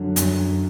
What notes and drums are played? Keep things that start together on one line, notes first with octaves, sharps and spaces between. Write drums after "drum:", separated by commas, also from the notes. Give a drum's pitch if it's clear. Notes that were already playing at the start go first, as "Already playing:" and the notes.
Already playing: F#2 D3
F#2, drum: hi-hat